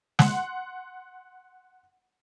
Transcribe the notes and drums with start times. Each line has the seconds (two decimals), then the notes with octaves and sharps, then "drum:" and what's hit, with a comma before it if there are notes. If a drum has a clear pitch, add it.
0.19 F#5 C6, drum: snare